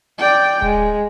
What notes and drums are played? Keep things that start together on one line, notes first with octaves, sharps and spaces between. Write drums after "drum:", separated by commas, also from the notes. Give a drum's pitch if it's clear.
D5 G5
G#3, drum: kick D1